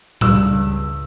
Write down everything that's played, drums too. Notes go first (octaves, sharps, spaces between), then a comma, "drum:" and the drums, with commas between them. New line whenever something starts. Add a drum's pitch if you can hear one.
C#2 G2 E6, drum: tom A2